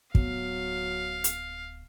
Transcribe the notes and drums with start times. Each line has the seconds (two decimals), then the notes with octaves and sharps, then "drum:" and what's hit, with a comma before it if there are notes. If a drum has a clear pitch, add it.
0.15 D1 F#3 B3 F5, drum: kick
1.24 drum: hi-hat